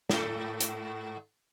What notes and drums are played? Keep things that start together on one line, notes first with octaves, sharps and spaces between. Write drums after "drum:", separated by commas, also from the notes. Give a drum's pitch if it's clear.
G#2 A4, drum: snare
drum: hi-hat